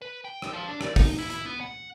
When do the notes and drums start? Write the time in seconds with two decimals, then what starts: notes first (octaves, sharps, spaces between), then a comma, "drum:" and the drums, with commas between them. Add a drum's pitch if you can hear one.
0.02 B4
0.25 G5
0.42 drum: rim click
0.53 F3
0.68 D4
0.81 D5, drum: rim click
0.96 D#4, drum: kick, open hi-hat
1.18 E4
1.30 E4, drum: hi-hat
1.46 B3
1.61 F#5